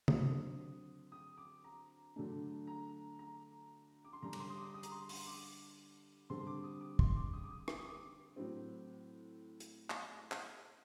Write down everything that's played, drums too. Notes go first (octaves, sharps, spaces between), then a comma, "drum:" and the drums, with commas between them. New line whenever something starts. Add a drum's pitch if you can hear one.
D3 F#3 C4 D#6, drum: tom
D#6
D6
A#5
D3 F#3 A3 D4
A#5
A#5
D6
C6
D3 G3 D4 A#5
D6, drum: cymbal
C6
D#6
D6
D#6
A#5, drum: hi-hat
C6
C6, drum: open hi-hat
D6
D3 G3 C4 C6
D6
D#6
D6
C6, drum: kick
D6
D#6
D6
D#6
D6, drum: rim click
D#6
D6
A2 F#3 C4
drum: hi-hat
drum: clap
drum: clap